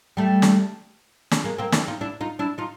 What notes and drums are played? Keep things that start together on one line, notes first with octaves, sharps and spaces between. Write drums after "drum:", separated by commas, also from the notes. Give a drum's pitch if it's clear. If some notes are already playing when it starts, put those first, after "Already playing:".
G3 A3
drum: snare
drum: snare
G#3 A#3
A#3 C4
D4 E4, drum: snare
D#4 F4
D4 E4
D#4 F4
D4 E4
D#4 F4